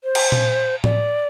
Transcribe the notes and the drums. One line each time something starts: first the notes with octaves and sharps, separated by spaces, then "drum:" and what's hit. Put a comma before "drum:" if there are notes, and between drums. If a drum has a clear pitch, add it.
C5
drum: cymbal
drum: tom A#2
D5, drum: tom A2